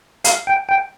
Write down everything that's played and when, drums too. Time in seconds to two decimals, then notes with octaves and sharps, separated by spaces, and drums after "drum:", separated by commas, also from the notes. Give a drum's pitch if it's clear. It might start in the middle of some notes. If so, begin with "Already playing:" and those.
0.24 F5, drum: hi-hat
0.47 G5
0.69 G5